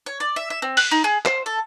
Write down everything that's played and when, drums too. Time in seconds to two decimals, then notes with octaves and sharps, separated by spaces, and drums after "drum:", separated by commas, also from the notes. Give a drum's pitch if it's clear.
0.06 C#5
0.20 D5
0.36 E5
0.50 E5
0.62 C4
0.77 F#6, drum: open hi-hat
0.91 D#4
1.04 G#4
1.25 C5, drum: clap
1.46 A4